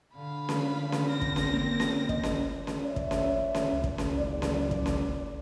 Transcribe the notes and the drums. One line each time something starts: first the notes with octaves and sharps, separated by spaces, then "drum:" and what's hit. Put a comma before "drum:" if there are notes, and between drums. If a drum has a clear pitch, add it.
D3 F5 B5
drum: snare C#4
drum: snare C#4
C4 F6 A#6
drum: kick
drum: snare C#4
A#3 A#4
drum: snare C#4
D#5, drum: kick
drum: snare C#4
drum: snare C#4
C#5 D5 E5
drum: kick
drum: snare C#4
drum: snare C#4
C#2
drum: kick
drum: snare C#4
F#1 D5
drum: snare C#4
drum: kick
drum: snare C#4